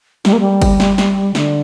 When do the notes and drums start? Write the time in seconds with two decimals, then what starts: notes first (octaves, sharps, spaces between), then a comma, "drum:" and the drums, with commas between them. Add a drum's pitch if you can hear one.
0.25 G3, drum: snare
0.33 A#3
0.40 G3
0.62 drum: kick G1, cymbal
0.80 drum: snare
0.98 drum: snare
1.35 D3, drum: snare